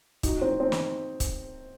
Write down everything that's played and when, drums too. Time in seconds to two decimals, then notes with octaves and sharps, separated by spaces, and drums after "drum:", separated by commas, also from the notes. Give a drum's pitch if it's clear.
0.23 D#4 F#4, drum: kick, hi-hat
0.41 C4 D#4
0.60 C4 D#4
0.72 drum: snare
1.20 drum: kick, hi-hat